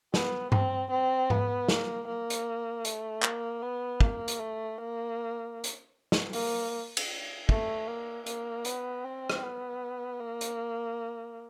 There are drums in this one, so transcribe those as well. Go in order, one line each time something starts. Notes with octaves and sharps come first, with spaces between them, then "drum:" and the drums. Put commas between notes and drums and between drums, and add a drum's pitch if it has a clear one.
B3, drum: snare
C4, drum: tom G2
C4
B3, drum: tom G#2
A#3, drum: snare
A#3
drum: hi-hat
A3, drum: hi-hat
A#3, drum: clap
B3
A#3, drum: kick
drum: hi-hat
A3
A#3
drum: hi-hat
drum: snare
A#3, drum: open hi-hat
drum: cymbal
A3, drum: kick
A#3
A#3, drum: hi-hat
B3, drum: hi-hat
C4
drum: rim click
B3
A#3
drum: hi-hat